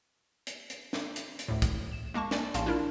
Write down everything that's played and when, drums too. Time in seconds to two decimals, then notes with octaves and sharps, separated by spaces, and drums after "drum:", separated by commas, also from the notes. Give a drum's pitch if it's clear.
0.47 drum: hi-hat
0.70 drum: hi-hat
0.93 drum: snare
1.16 drum: hi-hat
1.39 drum: hi-hat
1.48 D2 A2
1.62 drum: kick, hi-hat
1.92 E7
2.14 G#3 A#3 A5 C#6
2.31 D5 G#5, drum: snare
2.54 A#1 A2 C#4 F5 A5 C6, drum: hi-hat
2.66 D4 E4 F4 A#4